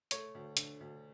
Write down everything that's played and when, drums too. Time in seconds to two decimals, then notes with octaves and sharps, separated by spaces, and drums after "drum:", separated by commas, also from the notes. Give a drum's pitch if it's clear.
0.11 A3 C#5, drum: hi-hat
0.35 D2
0.57 D3, drum: hi-hat
0.80 D2